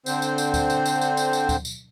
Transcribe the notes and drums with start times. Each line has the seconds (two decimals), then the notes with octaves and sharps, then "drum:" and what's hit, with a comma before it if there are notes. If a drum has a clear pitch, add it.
0.06 D3 C4 C5, drum: tambourine
0.22 drum: tambourine
0.38 drum: tambourine
0.54 drum: kick, tambourine
0.70 drum: tambourine
0.86 drum: tambourine
1.01 drum: tambourine
1.17 drum: tambourine
1.33 drum: tambourine
1.49 drum: kick, tambourine
1.65 drum: tambourine